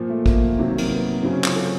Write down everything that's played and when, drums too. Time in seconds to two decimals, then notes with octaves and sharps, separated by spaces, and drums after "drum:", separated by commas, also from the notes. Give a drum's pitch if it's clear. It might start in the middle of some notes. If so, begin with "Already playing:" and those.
Already playing: A#2 F3
0.09 A3
0.26 A#3, drum: kick
0.58 C3 D#3 F#3
0.78 A#3, drum: cymbal
0.90 B3
1.23 C#3 F#3 C4
1.33 C#4
1.44 F4, drum: clap
1.55 A4